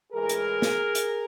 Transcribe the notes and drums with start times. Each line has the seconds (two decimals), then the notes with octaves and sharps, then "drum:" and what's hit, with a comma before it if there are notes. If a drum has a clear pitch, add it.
0.13 A2 E3 G#3 G#4 A#4
0.29 drum: hi-hat
0.62 drum: snare
0.95 drum: hi-hat